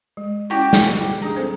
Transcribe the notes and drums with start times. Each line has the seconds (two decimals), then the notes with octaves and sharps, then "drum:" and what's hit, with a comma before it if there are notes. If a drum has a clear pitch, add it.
0.17 G#3
0.50 C#4 E4 F#4 G4 D5
0.73 G#5, drum: snare
1.22 F#3 D4 D#4 G#4
1.36 C4 A4 C5